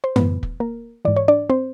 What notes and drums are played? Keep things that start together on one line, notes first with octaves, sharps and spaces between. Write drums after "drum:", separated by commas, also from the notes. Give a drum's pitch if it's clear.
C5
A2 E3 B3 B4, drum: tom F#2
drum: kick
A#3 A#4
G#2 E3 D5
C#5
D4 D5
C4 C5